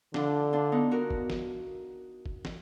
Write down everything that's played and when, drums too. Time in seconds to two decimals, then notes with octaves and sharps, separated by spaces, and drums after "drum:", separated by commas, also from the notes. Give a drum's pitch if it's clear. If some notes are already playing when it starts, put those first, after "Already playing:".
0.14 D3 D4 F4, drum: snare
0.53 D4 F4
0.72 B3 D#4
0.91 F#4 A#4
1.10 drum: kick G1
1.30 drum: snare
2.26 drum: kick G1
2.45 drum: snare